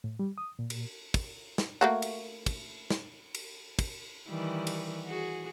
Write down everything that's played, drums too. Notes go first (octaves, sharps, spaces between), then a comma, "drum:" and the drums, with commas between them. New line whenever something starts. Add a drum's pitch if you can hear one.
A2
G3
D#6
A#2
drum: cymbal
drum: kick, cymbal
drum: snare
A3 A#3 F#4
drum: cymbal
drum: kick, cymbal
drum: snare
drum: cymbal
drum: kick, cymbal
D#3 E3 G3
drum: cymbal
F#4 G#4